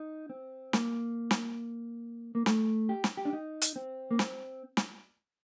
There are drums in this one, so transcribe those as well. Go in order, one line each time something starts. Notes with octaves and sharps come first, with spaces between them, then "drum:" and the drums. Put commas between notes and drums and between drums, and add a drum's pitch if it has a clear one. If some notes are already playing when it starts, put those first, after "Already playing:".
Already playing: D#4
C4
A#3, drum: snare
drum: snare
A#3
A3, drum: snare
G4
drum: snare
G4
D4
D#4
drum: hi-hat
C4
A#3
C4, drum: snare
drum: snare